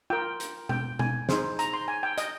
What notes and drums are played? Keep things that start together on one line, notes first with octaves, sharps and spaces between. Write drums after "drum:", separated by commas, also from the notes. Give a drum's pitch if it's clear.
F4 A#4 G5
drum: hi-hat
G5, drum: tom B2
G#5, drum: tom B2
D#4 G#4 C5, drum: snare
A#5, drum: hi-hat
C6
G#5
G5
D#5, drum: hi-hat